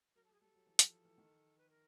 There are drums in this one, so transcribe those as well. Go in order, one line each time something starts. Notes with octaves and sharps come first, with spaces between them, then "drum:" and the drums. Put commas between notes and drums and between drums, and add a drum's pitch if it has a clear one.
F#3 A#4
A4
F#3
G#4
G3 A4
F#3
E3
F3, drum: hi-hat
E3
D#3
B4
A#4